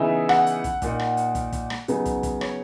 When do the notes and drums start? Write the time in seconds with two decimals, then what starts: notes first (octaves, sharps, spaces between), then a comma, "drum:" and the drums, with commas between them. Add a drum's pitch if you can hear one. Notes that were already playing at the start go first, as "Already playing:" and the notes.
Already playing: C#3 E3 B3 D#4 E5
0.29 F#5, drum: rim click
0.46 drum: hi-hat
0.64 drum: kick, hi-hat
0.82 A#2 A#3 D#4, drum: kick, hi-hat
1.00 drum: rim click
1.17 drum: hi-hat
1.35 drum: kick, hi-hat
1.53 drum: kick, hi-hat
1.70 drum: rim click
1.88 C#3 F#3 B3 D#4, drum: hi-hat
2.06 drum: kick, hi-hat
2.23 drum: kick, hi-hat
2.41 C#5, drum: rim click